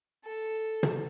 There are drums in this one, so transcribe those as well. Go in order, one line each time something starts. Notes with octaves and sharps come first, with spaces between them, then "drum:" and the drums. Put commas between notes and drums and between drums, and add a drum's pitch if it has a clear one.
A4
drum: tom